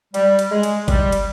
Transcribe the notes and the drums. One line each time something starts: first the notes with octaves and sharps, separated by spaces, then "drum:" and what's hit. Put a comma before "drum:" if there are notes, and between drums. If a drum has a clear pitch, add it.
G3, drum: cymbal
drum: cymbal
G#3
drum: cymbal
G3, drum: kick, cymbal
drum: cymbal